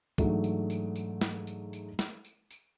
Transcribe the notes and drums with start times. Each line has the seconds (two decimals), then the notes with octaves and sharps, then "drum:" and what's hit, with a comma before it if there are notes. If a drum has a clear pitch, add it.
0.18 G#2 E3 F#3 A3 D4, drum: kick, tambourine
0.44 drum: tambourine
0.70 drum: tambourine
0.96 drum: tambourine
1.21 drum: snare
1.47 drum: tambourine
1.73 drum: tambourine
1.99 drum: snare
2.25 drum: tambourine
2.51 drum: tambourine